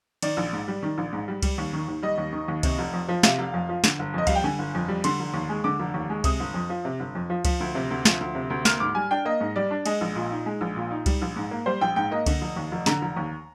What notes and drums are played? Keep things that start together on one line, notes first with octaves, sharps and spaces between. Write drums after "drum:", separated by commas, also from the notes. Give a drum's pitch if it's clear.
D#3 D5, drum: cymbal
A#1
G#2
G3
D#3
A#1
G#2
G3
G3, drum: kick C#2, cymbal
D#2
D#3
D#2
G3 D#5
D#2
D#3
D#2
C3, drum: kick C#2, cymbal
F1
F2
F3
C3 F5, drum: snare
F1
F2
F3
D3, drum: snare
G1
F2 D#5
G3 F5, drum: kick C#2, cymbal
G5
D3 G#5
G1
F2
G3
D3 C6, drum: cymbal
F1
D#2
G#3
D3 D6
F1
D#2
G#3
C3 D#6, drum: kick C#2, cymbal
G1
F2
F3
C3
G1
F2
F3
F3, drum: kick C#2, cymbal
D2
C3
D2
F3, drum: snare
D2
C3
D2
A#3 F6, drum: snare
G#2 D6
G3 G#5
D4 G5
A#3 D#5
G#2
G3 D5
D4
G#3 D#5, drum: cymbal
A#1
A#2
D#4
G#3
A#1
A#2
D#4
G3, drum: kick C#2, cymbal
A#1
G#2
A#3
G3 C5
A#1 G5
G#2 G5
A#3 D#5
D3, drum: kick C#2, cymbal
F1
D#2
F1
D3 A#5, drum: snare
F1
D#2